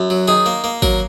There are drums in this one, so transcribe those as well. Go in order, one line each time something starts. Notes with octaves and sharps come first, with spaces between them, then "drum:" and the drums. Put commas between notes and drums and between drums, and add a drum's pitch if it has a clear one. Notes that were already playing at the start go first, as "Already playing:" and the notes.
Already playing: F#2
F#3
D#3 G#4
A#3
A#3
F#3 A#4, drum: kick G#1